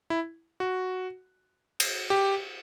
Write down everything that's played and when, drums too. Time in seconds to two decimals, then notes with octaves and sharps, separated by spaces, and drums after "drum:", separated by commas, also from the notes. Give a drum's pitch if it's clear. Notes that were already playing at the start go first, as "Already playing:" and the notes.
0.10 E4
0.60 F#4
1.80 drum: cymbal
2.10 G4